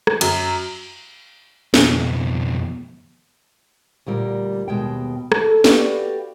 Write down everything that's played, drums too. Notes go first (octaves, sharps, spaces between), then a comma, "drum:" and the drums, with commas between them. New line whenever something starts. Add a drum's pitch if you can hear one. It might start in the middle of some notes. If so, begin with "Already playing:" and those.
drum: rim click
F#2, drum: cymbal
F2 B2, drum: snare
D2 A#2 G3 A#4
D#2 B2 G#3 G5
A4, drum: rim click
F#4 G4 B4 D5 F5, drum: snare